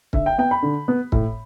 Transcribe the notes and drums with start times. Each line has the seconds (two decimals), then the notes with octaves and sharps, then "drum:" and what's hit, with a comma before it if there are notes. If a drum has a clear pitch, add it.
0.13 D3 E5, drum: kick
0.26 G5
0.38 B3 G5
0.51 B5
0.63 D3
0.88 B3
1.12 A2, drum: kick